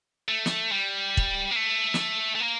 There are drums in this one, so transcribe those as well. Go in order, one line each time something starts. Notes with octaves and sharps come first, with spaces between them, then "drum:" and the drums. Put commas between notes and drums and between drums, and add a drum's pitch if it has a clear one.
A3
drum: snare
G3
drum: kick
A#3
A3
drum: snare
A3
A#3